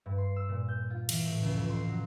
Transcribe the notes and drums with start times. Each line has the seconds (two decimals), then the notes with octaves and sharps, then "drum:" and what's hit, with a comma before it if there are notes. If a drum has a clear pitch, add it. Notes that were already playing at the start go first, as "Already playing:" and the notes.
0.06 G2
0.18 C6
0.36 E6
0.49 A#2
0.68 G6
0.90 F4
1.09 E3, drum: cymbal
1.26 A2
1.42 C#2
1.54 F2
1.70 C6
1.88 F#3